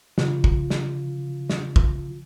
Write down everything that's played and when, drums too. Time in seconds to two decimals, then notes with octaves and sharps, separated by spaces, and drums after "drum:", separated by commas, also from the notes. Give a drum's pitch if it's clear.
0.18 C#3 F3 F4, drum: snare
0.44 drum: kick
0.70 drum: snare
1.50 drum: snare
1.76 drum: kick